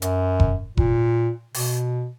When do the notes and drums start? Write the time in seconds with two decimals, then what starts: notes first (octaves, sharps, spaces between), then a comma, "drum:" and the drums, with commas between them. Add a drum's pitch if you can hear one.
0.02 F#2, drum: hi-hat
0.40 drum: kick F1
0.77 A#2, drum: kick F1
1.54 B2, drum: open hi-hat